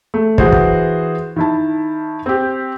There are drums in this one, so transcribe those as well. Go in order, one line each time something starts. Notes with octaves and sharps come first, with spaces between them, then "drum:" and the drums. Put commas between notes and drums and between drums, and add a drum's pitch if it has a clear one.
A3
E3 F#4 G#4 C5, drum: kick
drum: kick
D#3 E4 A5
C4 G4